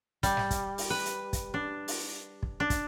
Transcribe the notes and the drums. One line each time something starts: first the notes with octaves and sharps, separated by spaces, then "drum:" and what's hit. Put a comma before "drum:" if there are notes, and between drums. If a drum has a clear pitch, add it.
G3, drum: kick, hi-hat
drum: snare
drum: kick, hi-hat
drum: open hi-hat
B4
drum: hi-hat
drum: kick, hi-hat
D4
drum: open hi-hat
drum: kick
D4
drum: kick, hi-hat